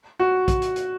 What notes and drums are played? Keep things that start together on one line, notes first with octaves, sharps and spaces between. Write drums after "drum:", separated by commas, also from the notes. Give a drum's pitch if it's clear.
F#4
drum: kick, hi-hat
drum: hi-hat
drum: hi-hat